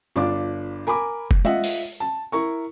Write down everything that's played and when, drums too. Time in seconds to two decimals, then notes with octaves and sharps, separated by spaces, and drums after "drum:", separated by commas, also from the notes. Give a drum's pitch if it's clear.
0.16 G1 D4 F4 D6
0.87 A#4 G#5 B5 D6
1.31 drum: kick F1
1.45 F4 D#5 E5 F#5, drum: tom G#3
1.64 drum: open hi-hat
2.00 A5
2.32 E4 A#4 C#6